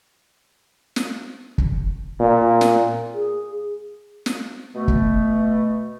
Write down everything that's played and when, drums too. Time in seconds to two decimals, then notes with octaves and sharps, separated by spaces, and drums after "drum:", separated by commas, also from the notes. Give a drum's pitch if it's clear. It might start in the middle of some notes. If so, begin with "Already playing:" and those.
0.96 drum: snare
1.58 drum: kick
2.20 A#2
2.61 drum: snare
3.14 G#4
4.26 drum: snare
4.74 B2 A3
4.88 drum: kick